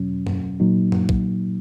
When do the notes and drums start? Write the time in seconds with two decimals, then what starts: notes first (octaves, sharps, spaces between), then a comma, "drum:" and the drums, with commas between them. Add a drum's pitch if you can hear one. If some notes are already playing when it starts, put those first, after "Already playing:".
Already playing: E2 B2 F#3 C#4
0.27 drum: tom F#2
0.60 A#2 F#3 A#3 D#4
0.92 drum: tom F#2
1.09 drum: kick